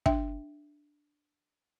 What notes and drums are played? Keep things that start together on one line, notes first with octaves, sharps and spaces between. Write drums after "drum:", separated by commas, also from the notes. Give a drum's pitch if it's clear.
D4 E5 G5, drum: kick